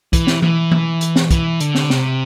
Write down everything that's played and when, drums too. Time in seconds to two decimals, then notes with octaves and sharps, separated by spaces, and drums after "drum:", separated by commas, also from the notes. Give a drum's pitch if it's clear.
0.13 E3, drum: kick, hi-hat
0.27 drum: snare
0.42 E3, drum: tom E3
0.71 drum: tom E3
1.01 drum: hi-hat
1.16 drum: snare
1.31 E3, drum: kick, hi-hat
1.60 D3, drum: hi-hat
1.75 drum: snare
1.90 C3, drum: snare